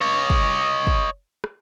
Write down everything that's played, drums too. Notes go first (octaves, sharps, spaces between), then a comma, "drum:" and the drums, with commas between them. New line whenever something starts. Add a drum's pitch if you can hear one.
C#5 D#5
drum: kick
drum: kick
drum: rim click